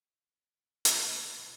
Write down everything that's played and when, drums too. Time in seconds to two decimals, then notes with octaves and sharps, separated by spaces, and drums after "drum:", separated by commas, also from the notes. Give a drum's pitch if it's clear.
0.85 D3 G#3 A#3 B3, drum: hi-hat
1.14 A2 A5
1.36 B1 B5 A6